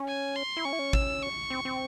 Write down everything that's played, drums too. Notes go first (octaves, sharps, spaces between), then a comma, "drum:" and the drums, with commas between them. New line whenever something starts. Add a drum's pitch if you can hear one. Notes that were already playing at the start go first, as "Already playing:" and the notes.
Already playing: C#4
G#5
C6
E4
C#4 C#6
E4
C#4
E6, drum: kick
C#6
C4
C4